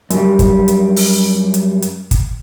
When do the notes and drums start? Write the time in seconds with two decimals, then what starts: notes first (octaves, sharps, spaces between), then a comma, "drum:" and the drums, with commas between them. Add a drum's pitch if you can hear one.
0.10 F#2 G3, drum: hi-hat
0.39 drum: kick, hi-hat
0.68 drum: hi-hat
0.96 drum: open hi-hat
1.54 drum: hi-hat
1.82 drum: hi-hat
2.11 drum: kick, hi-hat